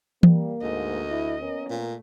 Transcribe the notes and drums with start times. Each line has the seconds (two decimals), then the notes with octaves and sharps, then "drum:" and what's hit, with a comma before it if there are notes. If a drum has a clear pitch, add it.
0.23 G3 A#3, drum: tom E3
0.62 D2 G#2 D#5
1.10 E4
1.41 A#3 B3 C#4 A#4
1.70 A#2 A3